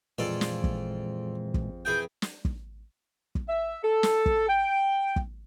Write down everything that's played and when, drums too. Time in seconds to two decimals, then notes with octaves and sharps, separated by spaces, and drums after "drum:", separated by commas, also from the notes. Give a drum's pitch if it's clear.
0.18 F2 A#2 E3 G#3 F4 G#4 A4 D5
0.41 drum: snare
0.64 drum: kick
1.54 drum: kick
1.85 E3 G#4 G5 G6
2.22 drum: snare
2.45 drum: kick
3.35 drum: kick
3.49 E5
3.84 A4
4.03 drum: snare
4.26 drum: kick
4.48 G5
5.16 drum: kick